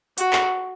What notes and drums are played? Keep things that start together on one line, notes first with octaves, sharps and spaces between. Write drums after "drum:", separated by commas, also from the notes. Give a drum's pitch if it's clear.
F#4, drum: hi-hat
drum: clap